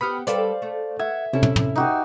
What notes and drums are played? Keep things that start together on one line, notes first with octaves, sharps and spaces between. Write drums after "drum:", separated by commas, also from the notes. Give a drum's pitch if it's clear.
B3 G4 B5 D#6 F6
G3 A4 B4 C5 D5 F5, drum: hi-hat
A3
E5 F#5 G#6
C3 C#4 E4 A4
drum: tom
drum: tom
D#4 F#4 G4